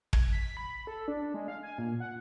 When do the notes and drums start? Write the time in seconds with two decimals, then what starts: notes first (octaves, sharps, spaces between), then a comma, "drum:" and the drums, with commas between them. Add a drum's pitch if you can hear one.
0.13 G#6, drum: kick
0.33 B6
0.57 B5
0.87 A4
1.08 D4
1.34 G#3
1.48 F5
1.63 G#5
1.78 A#2
2.00 F#5